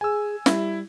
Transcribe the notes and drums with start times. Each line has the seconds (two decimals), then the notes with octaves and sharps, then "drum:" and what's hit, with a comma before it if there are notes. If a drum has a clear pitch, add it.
0.01 G#4 G#5 E6
0.46 G3 E4, drum: snare